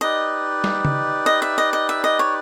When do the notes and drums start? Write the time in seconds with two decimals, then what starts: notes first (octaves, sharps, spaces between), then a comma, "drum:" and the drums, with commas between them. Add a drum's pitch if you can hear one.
0.01 D#4 G4 B4 D5 D#5
0.64 drum: snare
0.85 drum: tom C#3
1.26 D#5
1.42 E5
1.58 D#5
1.73 D#5
1.89 E5
2.04 D#5
2.19 C#5